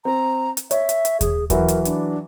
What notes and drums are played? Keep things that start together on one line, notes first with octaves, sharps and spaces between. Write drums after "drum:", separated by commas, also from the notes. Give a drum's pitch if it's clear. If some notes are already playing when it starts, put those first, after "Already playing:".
C4 A#5
drum: hi-hat
C#5 E5, drum: hi-hat
drum: hi-hat
drum: hi-hat
G#4, drum: kick D#2, hi-hat
E3 F#3 A#4 B4, drum: kick D#2, hi-hat
drum: hi-hat
D4, drum: hi-hat